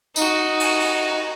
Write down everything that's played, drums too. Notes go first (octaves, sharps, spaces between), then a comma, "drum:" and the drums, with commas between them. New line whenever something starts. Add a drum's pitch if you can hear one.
D#4 F#4, drum: tambourine
drum: cymbal
drum: open hi-hat